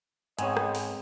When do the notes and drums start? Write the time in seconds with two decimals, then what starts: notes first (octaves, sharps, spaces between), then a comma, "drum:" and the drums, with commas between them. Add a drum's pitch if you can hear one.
0.39 G#2 B3 C4 G#4 C#5 D#5 G#5, drum: hi-hat
0.57 drum: rim click
0.75 drum: open hi-hat